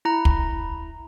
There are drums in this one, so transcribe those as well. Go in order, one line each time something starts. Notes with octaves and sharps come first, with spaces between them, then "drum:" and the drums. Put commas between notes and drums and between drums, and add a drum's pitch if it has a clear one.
E4 A#5
drum: kick